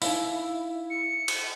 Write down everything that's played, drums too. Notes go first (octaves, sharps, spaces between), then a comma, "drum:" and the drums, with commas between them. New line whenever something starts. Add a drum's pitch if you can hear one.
D#4 E4 F5, drum: open hi-hat
C#7
drum: cymbal